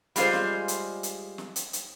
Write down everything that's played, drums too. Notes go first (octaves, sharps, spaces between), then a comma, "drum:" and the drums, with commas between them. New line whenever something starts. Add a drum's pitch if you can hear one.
G3 G#3 F4 G#4 C5, drum: hi-hat
drum: snare
drum: hi-hat
drum: hi-hat
drum: snare
drum: hi-hat
drum: hi-hat